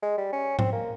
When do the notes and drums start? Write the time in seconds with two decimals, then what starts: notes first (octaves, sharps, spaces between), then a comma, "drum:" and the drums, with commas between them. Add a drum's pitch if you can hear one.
0.02 G#3
0.18 G3
0.32 C#4
0.59 C4, drum: tom G#2
0.72 A#3